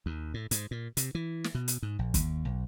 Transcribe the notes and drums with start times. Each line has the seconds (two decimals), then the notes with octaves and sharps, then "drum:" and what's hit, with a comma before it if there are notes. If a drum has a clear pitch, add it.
0.06 D#2
0.34 A2
0.51 G#2, drum: hi-hat
0.71 A#2
0.97 C3, drum: hi-hat
1.15 E3
1.44 drum: snare
1.55 B2
1.68 drum: hi-hat
1.82 G#2
1.99 A#1
2.14 D#2, drum: kick, hi-hat
2.45 B1